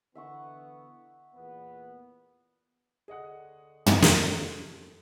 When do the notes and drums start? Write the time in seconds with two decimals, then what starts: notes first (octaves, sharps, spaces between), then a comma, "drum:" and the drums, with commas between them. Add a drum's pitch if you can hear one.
0.15 D3 E3 B3 E5 F#5 C#6
1.35 E2 A#2 B3
3.08 D2 G#4 D#5 F#5
3.86 drum: tom
4.02 F3 G3 A4, drum: snare